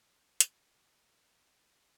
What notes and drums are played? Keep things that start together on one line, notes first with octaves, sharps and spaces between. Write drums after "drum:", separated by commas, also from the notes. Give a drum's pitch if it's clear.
A#3
C#3 F#3 A3 A#3, drum: hi-hat
C4 D#4 G4 B4
G#3 C#4
A#2 G#3 E5